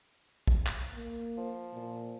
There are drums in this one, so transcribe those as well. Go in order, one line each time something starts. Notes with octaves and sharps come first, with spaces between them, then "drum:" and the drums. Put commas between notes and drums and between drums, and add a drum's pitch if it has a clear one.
drum: kick
drum: clap
A#3
F3
A#2